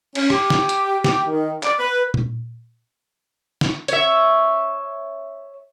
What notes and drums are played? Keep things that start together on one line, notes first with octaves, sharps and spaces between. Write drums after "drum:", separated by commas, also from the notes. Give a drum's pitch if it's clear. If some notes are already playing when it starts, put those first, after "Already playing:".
C#4, drum: cymbal
G4, drum: rim click
drum: snare
drum: hi-hat
G4, drum: snare
D#3
D5, drum: clap
B4
drum: tom A#2
drum: snare
C#5 E5, drum: hi-hat